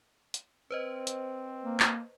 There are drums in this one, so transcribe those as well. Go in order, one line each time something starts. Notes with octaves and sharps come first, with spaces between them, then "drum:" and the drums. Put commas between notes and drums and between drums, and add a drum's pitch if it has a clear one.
drum: hi-hat
C4 B4 C5 D#5
drum: hi-hat
A#3
drum: clap